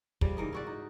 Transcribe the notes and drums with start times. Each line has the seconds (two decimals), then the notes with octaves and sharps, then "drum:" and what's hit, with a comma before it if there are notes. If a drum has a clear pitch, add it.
0.21 C#3 F3 G3, drum: kick
0.37 G#2 E3 A#4 D#5
0.53 E4 F#4 D5
0.67 D#4